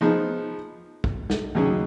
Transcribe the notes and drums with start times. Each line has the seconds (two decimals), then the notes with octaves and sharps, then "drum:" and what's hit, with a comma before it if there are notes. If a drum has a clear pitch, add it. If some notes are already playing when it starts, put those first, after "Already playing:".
0.01 F3 B3 D#4 G#4
1.04 drum: kick
1.30 drum: snare
1.55 D#2 C#3 F#3 C#4 G#4